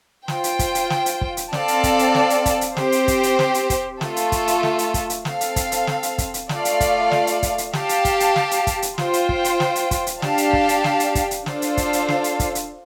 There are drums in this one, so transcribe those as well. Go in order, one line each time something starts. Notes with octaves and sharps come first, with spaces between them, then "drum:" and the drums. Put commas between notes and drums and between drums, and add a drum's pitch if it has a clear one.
F4 C5 G5, drum: snare
drum: hi-hat
drum: kick, hi-hat
drum: hi-hat
drum: snare
drum: hi-hat
drum: kick
drum: hi-hat
C4 A4 D5 F5 A5, drum: snare
drum: hi-hat
drum: kick, hi-hat
drum: hi-hat
drum: snare
drum: hi-hat
drum: kick, hi-hat
drum: hi-hat
C4 G4 C5, drum: snare
drum: hi-hat
drum: kick, hi-hat
drum: hi-hat
drum: snare
drum: hi-hat
drum: kick, hi-hat
A3 F4 A4, drum: snare
drum: hi-hat
drum: kick, hi-hat
drum: hi-hat
drum: snare
drum: hi-hat
drum: kick, hi-hat
drum: hi-hat
C4 A4 F5, drum: snare
drum: hi-hat
drum: kick, hi-hat
drum: hi-hat
drum: snare
drum: hi-hat
drum: kick, hi-hat
drum: hi-hat
A3 F4 A4 D5 F5, drum: snare
drum: hi-hat
drum: kick, hi-hat
drum: snare
drum: hi-hat
drum: kick, hi-hat
drum: hi-hat
G4 F5 A5, drum: snare
drum: hi-hat
drum: kick, hi-hat
drum: hi-hat
drum: snare
drum: hi-hat
drum: kick, hi-hat
drum: hi-hat
F4 C5 G5, drum: snare
drum: hi-hat
drum: kick
drum: hi-hat
drum: snare
drum: hi-hat
drum: kick, hi-hat
drum: hi-hat
D4 G4 F5 A5, drum: snare
drum: hi-hat
drum: kick
drum: hi-hat
drum: snare
drum: hi-hat
drum: kick, hi-hat
drum: hi-hat
D4 F4 A4 C5 F5, drum: snare
drum: hi-hat
drum: kick, hi-hat
drum: hi-hat
drum: snare
drum: hi-hat
drum: kick, hi-hat
drum: hi-hat